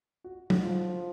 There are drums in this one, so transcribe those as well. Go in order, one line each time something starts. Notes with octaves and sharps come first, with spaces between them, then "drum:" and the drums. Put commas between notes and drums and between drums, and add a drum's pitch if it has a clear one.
F#4
F#4, drum: tom F#3
F3 F4